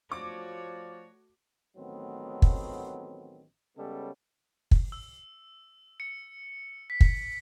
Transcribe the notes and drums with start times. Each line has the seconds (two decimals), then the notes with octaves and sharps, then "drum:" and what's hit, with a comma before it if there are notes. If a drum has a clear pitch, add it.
0.12 F3 A3 F#4 C#5 D5 D6
1.76 A1 D#3 F#3 A3 B3 C4
2.42 drum: kick
3.76 C#3 G3 G#3 B3 C#4 A4
4.71 drum: kick
4.92 E6
6.00 C#7
6.90 B6
7.01 drum: kick